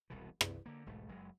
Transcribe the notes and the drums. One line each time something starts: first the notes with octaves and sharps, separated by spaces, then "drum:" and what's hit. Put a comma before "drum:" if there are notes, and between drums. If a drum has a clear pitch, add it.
E1 C2 B2 E3
C2, drum: rim click
D3 A#3
E1 B1 G#2 A3
F#1 F#3 G#3